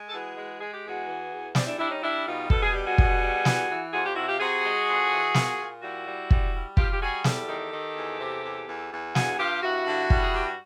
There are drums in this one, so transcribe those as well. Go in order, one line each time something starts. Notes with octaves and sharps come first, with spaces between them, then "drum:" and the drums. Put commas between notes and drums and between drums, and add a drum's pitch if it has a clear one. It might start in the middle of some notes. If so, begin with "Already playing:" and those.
Already playing: G#3
A4
E3 F#4 G#4
G#3
G#3 G#4
G4
E2 F#4 G#4
E3
E2
G3 C4 D4, drum: snare
D4 E4
G3 D4 E4
C#4 D#4
G3 D4 E4
B2 D#4 F4
B2 A4, drum: kick
G#4
G3 G4
F#4 G#4
B2, drum: kick
G3
E3, drum: snare
E3
F2 F#4 G#4
F4 G4
C3 E4 F#4
F4 G4
C3 F#4 G#4
G#3
F2
E3
A#2, drum: snare
A#2
G3 E4 F#4
G3
G3, drum: kick
G3
G3 F4 G4, drum: kick
G4
G3 F#4 G#4
E2 G4 A4, drum: snare
D#3
D#3
E2
C3
E2
E2
E2
G2 F#4 G#4, drum: snare
G2 F4 G4
G2 E4 F#4
D3
G3, drum: kick
G#4
G2 G4
F#4